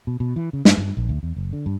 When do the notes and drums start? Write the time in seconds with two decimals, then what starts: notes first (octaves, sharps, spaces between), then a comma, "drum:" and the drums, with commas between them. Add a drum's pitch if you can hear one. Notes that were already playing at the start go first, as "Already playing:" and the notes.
0.07 B2
0.20 B2
0.36 E3
0.53 C#3
0.65 G2, drum: snare
0.78 G2
0.97 A#1
1.09 D2
1.23 E2
1.36 F#1
1.53 D3
1.66 G2